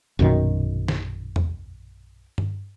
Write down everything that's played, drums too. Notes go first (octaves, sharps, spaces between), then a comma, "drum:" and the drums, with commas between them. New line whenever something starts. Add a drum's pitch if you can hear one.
A#1 F#2 B2 D#3
drum: snare
drum: tom E2
drum: tom G2